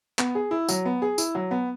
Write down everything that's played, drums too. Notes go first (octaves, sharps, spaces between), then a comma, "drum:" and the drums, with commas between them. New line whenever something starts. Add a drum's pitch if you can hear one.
B3, drum: clap
G#4
E4
F#3, drum: tambourine
B3
G#4
E4, drum: tambourine
F#3
B3